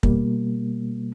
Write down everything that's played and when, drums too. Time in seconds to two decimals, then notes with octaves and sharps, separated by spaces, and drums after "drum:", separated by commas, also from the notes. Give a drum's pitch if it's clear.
0.03 B2 G3 A#3, drum: kick